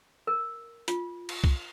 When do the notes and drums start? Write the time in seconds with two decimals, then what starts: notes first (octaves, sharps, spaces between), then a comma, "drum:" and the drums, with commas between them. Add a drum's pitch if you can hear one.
0.27 A#4
0.88 F4, drum: hi-hat
1.29 drum: cymbal
1.44 drum: kick